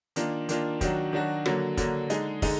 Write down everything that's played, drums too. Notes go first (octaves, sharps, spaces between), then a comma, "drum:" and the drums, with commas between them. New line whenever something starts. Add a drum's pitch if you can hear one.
D#3 A#3 D4 F4, drum: hi-hat
D#3 A#3 D4 F4, drum: hi-hat
D#3 F#3 D4 F#4, drum: kick, hi-hat
D#3 F#3 D4 F#4
D3 F#3 A#3, drum: rim click
D3 F#3 A#3, drum: kick, hi-hat
D3 G#3 D#4 G#4, drum: hi-hat
D3 G#3 D#4 G#4, drum: kick, open hi-hat